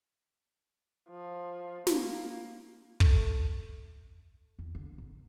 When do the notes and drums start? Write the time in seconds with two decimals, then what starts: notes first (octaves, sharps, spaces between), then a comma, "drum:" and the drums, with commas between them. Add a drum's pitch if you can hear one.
1.09 F3
1.87 A#3, drum: snare
3.00 A3, drum: kick
4.59 E2
4.75 D3
4.98 G#1